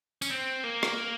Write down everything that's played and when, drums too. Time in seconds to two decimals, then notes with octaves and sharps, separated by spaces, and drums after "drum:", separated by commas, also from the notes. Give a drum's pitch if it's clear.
0.22 C#4, drum: tambourine
0.30 C4
0.64 A#3
0.83 drum: rim click